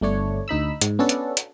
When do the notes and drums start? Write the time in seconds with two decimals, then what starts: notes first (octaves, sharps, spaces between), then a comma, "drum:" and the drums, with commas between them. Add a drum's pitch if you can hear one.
0.01 G1 A3 D4 C#5
0.48 D2 D#4 B5 E6
0.81 G#2, drum: hi-hat
0.99 B3 C#4 D4 F#4 A4
1.09 drum: hi-hat
1.37 drum: hi-hat